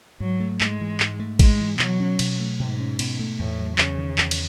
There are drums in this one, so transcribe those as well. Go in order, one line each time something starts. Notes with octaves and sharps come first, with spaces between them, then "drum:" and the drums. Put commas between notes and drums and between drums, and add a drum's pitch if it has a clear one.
G#2 F#3
A3
G#2 G#3, drum: clap
E3
G#2, drum: clap
A3
G#2 G#3, drum: kick A1, cymbal
E3
B2 F#3, drum: clap
C#4
B2, drum: cymbal
A3
G#2 B2
C#4
B2, drum: cymbal
A3
E2 A2
F#3
E2 C#3, drum: clap
D#3
E2, drum: clap
drum: cymbal